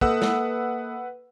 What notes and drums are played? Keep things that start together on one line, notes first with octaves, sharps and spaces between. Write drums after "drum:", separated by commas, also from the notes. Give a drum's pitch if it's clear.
A#3 A4 B4 F#5 D#6 E6, drum: kick
drum: snare